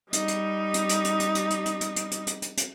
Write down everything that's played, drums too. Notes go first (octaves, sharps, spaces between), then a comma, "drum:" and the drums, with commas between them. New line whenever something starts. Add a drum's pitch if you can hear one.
G3 D#4, drum: hi-hat
drum: hi-hat
drum: hi-hat
drum: hi-hat
drum: hi-hat
drum: hi-hat
drum: hi-hat
drum: hi-hat
drum: hi-hat
drum: hi-hat
drum: hi-hat
drum: hi-hat
drum: hi-hat
drum: hi-hat
drum: hi-hat